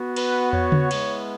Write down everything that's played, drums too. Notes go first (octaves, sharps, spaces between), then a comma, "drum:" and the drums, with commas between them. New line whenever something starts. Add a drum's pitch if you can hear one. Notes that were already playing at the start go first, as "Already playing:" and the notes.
Already playing: B3 F#4
B4, drum: cymbal
C#5, drum: tom
drum: tom C#3
G#3 B3 E4, drum: cymbal